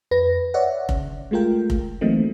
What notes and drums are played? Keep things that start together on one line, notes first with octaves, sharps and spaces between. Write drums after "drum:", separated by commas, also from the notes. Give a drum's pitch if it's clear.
F2 B4 A#6
C#5 D5 E5 F#5
C#3, drum: kick F1
G#3 A3 F4 A#4 G5
drum: kick F1
E3 F#3 A3 A#3 C4 D#4